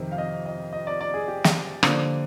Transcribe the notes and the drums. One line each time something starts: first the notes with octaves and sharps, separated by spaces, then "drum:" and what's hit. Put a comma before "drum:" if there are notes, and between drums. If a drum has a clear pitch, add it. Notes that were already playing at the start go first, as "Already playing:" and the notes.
Already playing: F2 C3 D#3 G4
F5
D#5
D#5
D#5
D5
D5
G#4
G4
drum: snare
D3 F3 A#3, drum: rim click